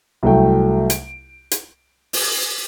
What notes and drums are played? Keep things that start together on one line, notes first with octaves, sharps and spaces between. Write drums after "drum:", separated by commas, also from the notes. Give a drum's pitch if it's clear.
C2 F#3 A3 G5
D7, drum: hi-hat
drum: hi-hat
drum: open hi-hat